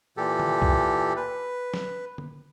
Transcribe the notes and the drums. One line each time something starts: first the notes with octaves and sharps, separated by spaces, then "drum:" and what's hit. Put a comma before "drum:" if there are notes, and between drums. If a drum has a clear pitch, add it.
A#2 E3 G4 A4
drum: tom
drum: kick C2
B4
drum: snare
drum: tom D3